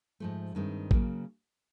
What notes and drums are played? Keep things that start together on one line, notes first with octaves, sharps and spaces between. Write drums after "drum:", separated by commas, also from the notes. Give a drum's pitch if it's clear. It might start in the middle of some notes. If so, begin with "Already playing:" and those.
G#2 F3 A3
G2 D#3 G#3 C4
C#3 F#3 A#3, drum: kick A1